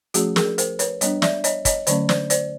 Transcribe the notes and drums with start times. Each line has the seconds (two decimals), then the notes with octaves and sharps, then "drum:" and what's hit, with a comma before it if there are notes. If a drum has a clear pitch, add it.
0.14 F3 A3 C#4 F#4 G#4, drum: hi-hat
0.36 G#4 A#4, drum: snare
0.58 A#4 C5, drum: hi-hat
0.79 B4 C#5, drum: hi-hat
1.01 G3 B3 D4 C#5 D#5, drum: hi-hat
1.22 D5 E5, drum: snare
1.44 C#5 D#5, drum: hi-hat
1.65 C#5 D#5, drum: kick, hi-hat
1.87 D3 F#3 A3 C#4 C5 D5, drum: hi-hat
2.09 C5 D5, drum: snare
2.30 C5 D5, drum: hi-hat